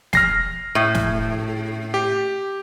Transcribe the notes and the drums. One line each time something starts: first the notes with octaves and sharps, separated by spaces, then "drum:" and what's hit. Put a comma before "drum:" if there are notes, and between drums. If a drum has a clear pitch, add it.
F6 A#6 C7, drum: snare
A2
drum: snare
G4